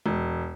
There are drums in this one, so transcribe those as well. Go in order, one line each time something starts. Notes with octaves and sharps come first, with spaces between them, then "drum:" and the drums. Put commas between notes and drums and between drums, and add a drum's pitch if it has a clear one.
E1, drum: tom G#3